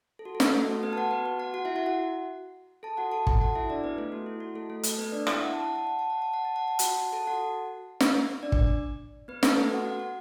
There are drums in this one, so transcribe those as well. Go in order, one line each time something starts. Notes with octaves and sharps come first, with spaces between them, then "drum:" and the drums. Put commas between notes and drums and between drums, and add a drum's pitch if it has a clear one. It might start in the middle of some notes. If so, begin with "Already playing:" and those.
A4
F#4
A4
F#4, drum: snare
A3 A4
F#4
B3 B4
A5
F#4 F#5
B3 B4
F#4
F#4 F#5
F#4 F#5
E4 E5
F#4 F#5
F#4 F#5
A4 A5
F#4 F#5
A4 A5
A4 A5, drum: kick
F#4 F#5
E4 E5
D4 D5
B3 B4
A3 A4
F#4
E4
F#4
A3 A4
A3 A4
A3 A4, drum: hi-hat
B3 B4
D4 D5
E4 E5, drum: rim click
F#5
A5
F#5
A5
F#5
A5
F#5
A5
F#5
A5
F#5
A5
F#4 F#5, drum: hi-hat
A4 A5
F#4 F#5
drum: snare
D4 D5
drum: kick
B3 B4
A3 A4, drum: snare
B3 B4
F#4 F#5
F#4 F#5
F#4 F#5